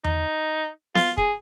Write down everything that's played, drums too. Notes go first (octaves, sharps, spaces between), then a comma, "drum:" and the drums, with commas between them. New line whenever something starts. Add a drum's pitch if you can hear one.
D#4, drum: tom E2
F4, drum: snare B3
G#4, drum: kick